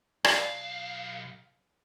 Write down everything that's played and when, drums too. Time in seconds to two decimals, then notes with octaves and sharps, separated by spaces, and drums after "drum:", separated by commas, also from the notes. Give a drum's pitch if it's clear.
0.24 B1 D5 F5, drum: rim click